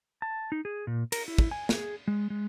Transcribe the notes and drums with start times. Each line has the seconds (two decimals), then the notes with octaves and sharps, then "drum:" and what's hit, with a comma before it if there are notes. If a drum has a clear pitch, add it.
0.22 A5
0.52 D#4
0.65 G#4
0.87 A#2
1.12 A#4, drum: cymbal
1.28 E4
1.38 drum: kick
1.51 G#5
1.69 G#4, drum: snare
2.08 G#3
2.30 G#3